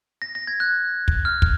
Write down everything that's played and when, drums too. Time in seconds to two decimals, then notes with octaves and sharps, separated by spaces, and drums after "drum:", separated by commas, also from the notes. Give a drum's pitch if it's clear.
0.22 A#6
0.35 A#6
0.47 G#6
0.60 F#6
1.08 drum: kick
1.25 F6
1.42 drum: kick